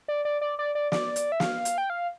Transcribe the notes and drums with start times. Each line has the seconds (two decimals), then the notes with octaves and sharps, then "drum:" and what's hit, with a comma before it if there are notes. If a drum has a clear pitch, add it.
0.08 D5
0.25 D5
0.41 D5
0.59 D5
0.75 D5
0.92 D5, drum: snare
1.16 drum: hi-hat
1.32 E5
1.40 F5, drum: snare
1.65 drum: hi-hat
1.78 G5
1.90 F5